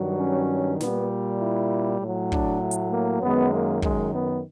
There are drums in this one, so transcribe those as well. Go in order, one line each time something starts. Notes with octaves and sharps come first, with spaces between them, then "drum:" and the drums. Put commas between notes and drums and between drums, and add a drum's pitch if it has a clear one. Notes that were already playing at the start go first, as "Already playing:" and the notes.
Already playing: G2 D#3 F#3
C#4
A#2 G3 B3, drum: snare
E4
A2 F#3
D4, drum: kick
A3
drum: hi-hat
A#3
F#2 D#3 G#3 B3
A#3
G#3, drum: kick
B3